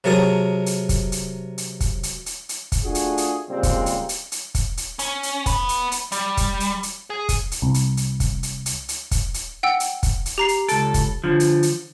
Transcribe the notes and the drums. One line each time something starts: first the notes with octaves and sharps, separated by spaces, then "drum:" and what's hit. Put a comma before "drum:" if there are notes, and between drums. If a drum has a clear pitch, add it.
C3 F#3 G#4 A#4 A5 D#6
drum: hi-hat
drum: kick, hi-hat
drum: hi-hat
drum: hi-hat
drum: kick, hi-hat
drum: hi-hat
drum: hi-hat
drum: hi-hat
drum: kick, hi-hat
A3 D4 F4 F#4 G#4
drum: hi-hat
drum: hi-hat
A#2 C#3 G3 G#3 C4
drum: kick, hi-hat
drum: hi-hat
drum: hi-hat
drum: hi-hat
drum: kick, hi-hat
drum: hi-hat
C#4, drum: hi-hat
drum: hi-hat
B3 B5, drum: kick, hi-hat
drum: hi-hat
drum: hi-hat
G3, drum: hi-hat
drum: kick, hi-hat
drum: hi-hat
drum: hi-hat
G#4
drum: kick, hi-hat
drum: hi-hat
C2
drum: hi-hat
drum: hi-hat
drum: kick, hi-hat
drum: hi-hat
drum: hi-hat
drum: hi-hat
drum: kick, hi-hat
drum: hi-hat
F#5 G5 E6
drum: hi-hat
drum: kick, hi-hat
drum: hi-hat
G4 A#5 C7
drum: hi-hat
C#2 A4 D7, drum: hi-hat
drum: kick, hi-hat
D3 F3
drum: hi-hat
drum: hi-hat